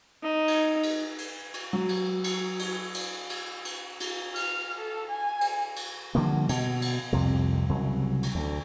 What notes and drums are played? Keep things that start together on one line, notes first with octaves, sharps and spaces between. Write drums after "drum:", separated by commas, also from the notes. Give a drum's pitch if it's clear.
D#4
drum: cymbal
drum: cymbal
drum: cymbal
drum: cymbal
F#3
drum: cymbal
drum: cymbal
drum: cymbal
drum: cymbal
drum: cymbal
drum: cymbal
drum: cymbal
F6, drum: cymbal
A4
G#5
drum: cymbal
drum: cymbal
D3 F3 G3 A#3
B2, drum: cymbal
drum: cymbal
C2 F2 C3
C2 C#3 F#3
drum: cymbal
D2